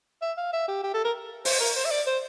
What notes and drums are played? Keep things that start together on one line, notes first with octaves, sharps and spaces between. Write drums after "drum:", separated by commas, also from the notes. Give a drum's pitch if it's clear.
E5
F5
E5
G4
G4
A4
A#4
C5, drum: open hi-hat
A#4
C5
E5
D5
C5